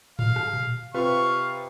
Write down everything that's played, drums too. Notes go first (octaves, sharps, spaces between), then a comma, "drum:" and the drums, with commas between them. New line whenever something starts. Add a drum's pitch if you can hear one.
F5, drum: tom G#2
drum: rim click
drum: tom A#2
C3 F4 B4 F5 C#6